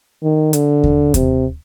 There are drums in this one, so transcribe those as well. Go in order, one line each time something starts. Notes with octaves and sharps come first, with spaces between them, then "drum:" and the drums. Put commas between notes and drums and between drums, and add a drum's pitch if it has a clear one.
D#3
D3, drum: hi-hat
drum: kick D#2
C3, drum: kick D#2, hi-hat